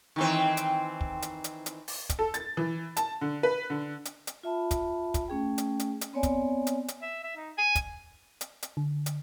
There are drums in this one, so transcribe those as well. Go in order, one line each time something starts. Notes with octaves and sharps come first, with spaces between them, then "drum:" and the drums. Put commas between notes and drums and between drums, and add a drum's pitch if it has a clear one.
D#3 E3 C4
drum: hi-hat
drum: kick
drum: hi-hat
drum: hi-hat
drum: hi-hat
drum: open hi-hat
drum: kick, hi-hat
A4
A6, drum: hi-hat
E3
A5, drum: hi-hat
D3
B4
D3
drum: hi-hat
drum: hi-hat
F4 E5 A5 B5
drum: kick, hi-hat
drum: kick, hi-hat
A3 C#4 G#4 G5
drum: hi-hat
drum: hi-hat
drum: hi-hat
B3 C4 C#5 D5 G#5
drum: kick, hi-hat
drum: hi-hat
drum: hi-hat
E5
E5
D#4
G#5
drum: kick, hi-hat
drum: hi-hat
drum: hi-hat
D3
drum: hi-hat